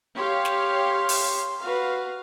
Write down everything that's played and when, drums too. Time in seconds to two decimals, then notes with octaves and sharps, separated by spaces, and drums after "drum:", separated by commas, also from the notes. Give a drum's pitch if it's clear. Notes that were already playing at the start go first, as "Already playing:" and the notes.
0.17 G4 C#5 F5 C6
0.45 drum: snare
1.09 drum: open hi-hat
1.62 F#4 B4 F5